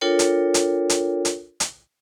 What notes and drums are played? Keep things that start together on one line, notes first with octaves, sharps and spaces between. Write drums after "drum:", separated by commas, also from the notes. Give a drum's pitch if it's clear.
D4 F4 A4 A#4 C#5 G5
drum: hi-hat
drum: hi-hat
drum: hi-hat
drum: hi-hat
drum: hi-hat